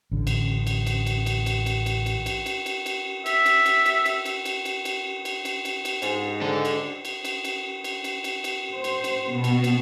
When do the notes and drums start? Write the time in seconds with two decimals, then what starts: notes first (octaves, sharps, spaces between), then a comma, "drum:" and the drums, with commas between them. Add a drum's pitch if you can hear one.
0.11 A1 D3
0.27 drum: cymbal
0.67 drum: cymbal
0.87 drum: cymbal
1.06 drum: cymbal
1.26 drum: cymbal
1.46 drum: cymbal
1.66 drum: cymbal
1.86 drum: cymbal
2.06 drum: cymbal
2.26 drum: cymbal
2.46 drum: cymbal
2.66 drum: cymbal
2.86 drum: cymbal
3.26 E5, drum: cymbal
3.46 drum: cymbal
3.66 drum: cymbal
3.86 drum: cymbal
4.06 drum: cymbal
4.26 drum: cymbal
4.45 drum: cymbal
4.65 drum: cymbal
4.85 drum: cymbal
5.25 drum: cymbal
5.45 drum: cymbal
5.65 drum: cymbal
5.85 drum: cymbal
6.02 G#2, drum: cymbal
6.42 D4 A4
6.65 drum: cymbal
7.05 drum: cymbal
7.25 drum: cymbal
7.45 drum: cymbal
7.84 drum: cymbal
8.04 drum: cymbal
8.24 drum: cymbal
8.44 drum: cymbal
8.74 C5
8.84 drum: cymbal
9.04 drum: cymbal
9.32 B2
9.44 drum: cymbal
9.64 drum: cymbal